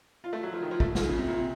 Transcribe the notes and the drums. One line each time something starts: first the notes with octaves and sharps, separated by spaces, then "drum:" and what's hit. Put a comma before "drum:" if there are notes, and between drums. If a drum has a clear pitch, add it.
F4
A3
F#3
F3
D#3
F3
A3, drum: kick
F3, drum: snare
C#3
C3
A#2
C3